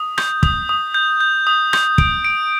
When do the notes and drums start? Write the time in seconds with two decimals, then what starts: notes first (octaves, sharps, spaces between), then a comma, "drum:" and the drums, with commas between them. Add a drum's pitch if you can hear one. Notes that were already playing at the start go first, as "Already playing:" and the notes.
Already playing: D#6
0.18 G6, drum: rim click
0.43 D#6, drum: kick
0.69 D#6
0.94 G6
1.21 G6
1.47 D#6
1.73 G6, drum: rim click
1.98 D7, drum: kick
2.25 D7